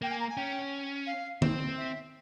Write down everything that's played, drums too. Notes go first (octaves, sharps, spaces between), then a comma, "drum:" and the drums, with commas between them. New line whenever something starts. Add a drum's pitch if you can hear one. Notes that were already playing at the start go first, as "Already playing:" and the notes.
A#3 G5
G#5
A#5
G#5
C#4 G5
F5
C4, drum: tom
E5